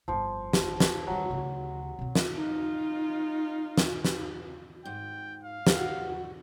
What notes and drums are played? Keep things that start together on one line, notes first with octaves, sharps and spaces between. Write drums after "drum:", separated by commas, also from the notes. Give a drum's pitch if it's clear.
G1 F2 F3
drum: snare
drum: snare
D#3 F#3 G3
D2 C#3
B2 C4
drum: snare
D#4 F4
drum: snare
drum: snare
G#2 G5
F5
drum: snare
F#4